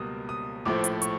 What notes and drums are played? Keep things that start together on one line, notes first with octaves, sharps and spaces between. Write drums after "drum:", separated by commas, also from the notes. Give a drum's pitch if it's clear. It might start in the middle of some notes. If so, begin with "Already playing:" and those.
Already playing: C#2 B2 G3 A#3 D#6
D#6
A#1 A2 F3 A3 D6
drum: hi-hat
C#6, drum: hi-hat